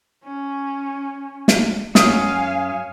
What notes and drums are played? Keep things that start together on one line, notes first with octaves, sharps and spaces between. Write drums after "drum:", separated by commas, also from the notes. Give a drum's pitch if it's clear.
C#4
drum: snare
F#2 C#4 F5 G#5 D#6, drum: snare